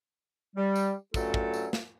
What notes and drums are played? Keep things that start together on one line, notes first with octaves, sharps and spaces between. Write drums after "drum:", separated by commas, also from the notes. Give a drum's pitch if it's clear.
G3
drum: tambourine
G2 F#3 A3 C#4 F4 A4, drum: kick, tambourine
drum: kick
drum: tambourine
drum: snare